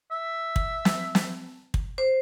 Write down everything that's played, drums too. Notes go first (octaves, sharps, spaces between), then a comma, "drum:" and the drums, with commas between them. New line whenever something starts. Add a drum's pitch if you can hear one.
E5
drum: kick
drum: snare
drum: snare
drum: kick
C5